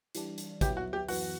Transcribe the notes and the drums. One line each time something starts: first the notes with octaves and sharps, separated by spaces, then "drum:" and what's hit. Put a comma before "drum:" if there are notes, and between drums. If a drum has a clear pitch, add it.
E3 G3 D4, drum: hi-hat
drum: hi-hat
F#3 B3 E4 G4, drum: kick, hi-hat
F#4
G4
F#2 E3 B3 F#4, drum: open hi-hat